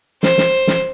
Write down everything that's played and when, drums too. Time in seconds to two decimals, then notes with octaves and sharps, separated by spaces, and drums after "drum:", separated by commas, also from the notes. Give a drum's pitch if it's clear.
0.23 C5, drum: snare
0.38 drum: snare
0.67 drum: snare